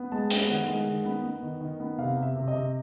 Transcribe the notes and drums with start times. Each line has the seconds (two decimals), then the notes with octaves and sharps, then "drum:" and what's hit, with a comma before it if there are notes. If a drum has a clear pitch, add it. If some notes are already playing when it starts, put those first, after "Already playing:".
Already playing: B3
0.12 G#3 A5
0.30 B3 G5, drum: hi-hat
0.49 D#3 F#5
0.67 G#3
0.87 D#3
1.05 B3
1.24 B3
1.43 D#3
1.61 D#3
1.80 B3
1.98 C3 F5
2.16 C3
2.22 E5
2.35 C3
2.48 D#5
2.54 C3